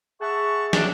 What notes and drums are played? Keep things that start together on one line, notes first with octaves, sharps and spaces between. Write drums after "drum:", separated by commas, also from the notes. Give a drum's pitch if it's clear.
G#4 E5 F#5 A5 C#6
F#3 D4, drum: snare